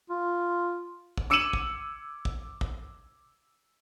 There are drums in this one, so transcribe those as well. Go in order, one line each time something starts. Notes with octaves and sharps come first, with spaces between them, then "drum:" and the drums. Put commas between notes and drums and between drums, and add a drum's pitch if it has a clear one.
F4
drum: kick
D6 E6 C#7 D#7 E7 F#7
drum: kick
drum: kick
drum: kick